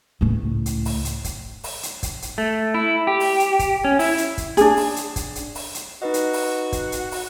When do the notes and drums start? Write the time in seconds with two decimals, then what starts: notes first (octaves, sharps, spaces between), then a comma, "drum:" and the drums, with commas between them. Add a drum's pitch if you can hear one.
0.21 C#2 A2
0.66 drum: hi-hat
0.85 drum: open hi-hat
1.05 drum: hi-hat
1.24 drum: kick, hi-hat
1.64 drum: open hi-hat
1.83 drum: hi-hat
2.03 drum: kick, hi-hat
2.22 drum: hi-hat
2.38 A3
2.74 E4
3.07 G4
3.20 drum: open hi-hat
3.40 drum: hi-hat
3.59 drum: kick, hi-hat
3.84 C#4
3.99 E4, drum: open hi-hat
4.18 drum: hi-hat
4.38 drum: kick, hi-hat
4.57 D4 G#4, drum: hi-hat
4.77 drum: open hi-hat
4.96 drum: hi-hat
5.16 drum: kick, hi-hat
5.35 drum: hi-hat
5.55 drum: open hi-hat
5.75 drum: hi-hat
6.02 D#4 F#4 B4 D#5
6.14 drum: hi-hat
6.33 drum: open hi-hat
6.72 drum: kick, hi-hat
6.92 drum: hi-hat
7.12 drum: open hi-hat